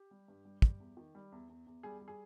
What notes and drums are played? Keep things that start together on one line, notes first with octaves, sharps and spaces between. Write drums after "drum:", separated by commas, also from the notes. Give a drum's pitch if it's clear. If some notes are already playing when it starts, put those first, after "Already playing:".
Already playing: G4
G3
G2
G3
G3, drum: kick
E2
D#3
G3
E2
E2
E2
G3 G#4
G3
G#4